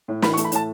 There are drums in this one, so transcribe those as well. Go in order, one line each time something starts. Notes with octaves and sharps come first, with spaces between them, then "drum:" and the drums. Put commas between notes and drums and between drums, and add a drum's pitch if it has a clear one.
A2
E3 B5, drum: snare
C#6
A3, drum: hi-hat
B5
A2 A5, drum: hi-hat